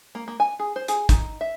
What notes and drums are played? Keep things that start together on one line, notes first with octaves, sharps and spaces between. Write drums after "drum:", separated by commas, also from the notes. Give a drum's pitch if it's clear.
A#3
A#3
G#5
G#4
C5
G#4, drum: hi-hat
D#4, drum: kick, hi-hat
E5